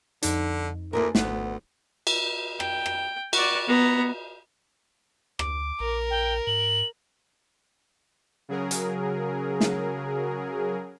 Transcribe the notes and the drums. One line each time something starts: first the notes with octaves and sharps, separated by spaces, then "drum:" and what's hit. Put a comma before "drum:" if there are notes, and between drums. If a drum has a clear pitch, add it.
F2 D3 D#4, drum: hi-hat
D2 A#3 E4 A#4 G#5 A5
G#1 D2 A3 B3 C5, drum: snare
drum: cymbal
G5, drum: rim click
drum: rim click
F#4 D5, drum: cymbal
B3 A#5
D2 D6, drum: rim click
A#1 A#4
G5
G#2 F#7
C#3 F#3 G#4 A#4
drum: hi-hat
drum: snare